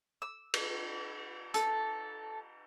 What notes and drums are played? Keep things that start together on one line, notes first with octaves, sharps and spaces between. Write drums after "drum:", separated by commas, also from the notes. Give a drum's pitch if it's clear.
E6
drum: cymbal
A4, drum: hi-hat